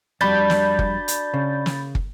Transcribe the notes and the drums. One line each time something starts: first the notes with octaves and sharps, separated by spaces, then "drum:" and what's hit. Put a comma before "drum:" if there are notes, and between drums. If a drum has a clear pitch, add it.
F2 G3 D4 F#4 B5 G6 A6
drum: snare
drum: kick
drum: hi-hat
C#3
drum: snare
drum: kick